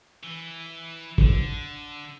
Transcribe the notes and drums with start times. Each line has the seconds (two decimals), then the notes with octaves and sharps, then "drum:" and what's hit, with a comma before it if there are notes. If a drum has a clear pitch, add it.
0.24 E3
1.18 D3, drum: kick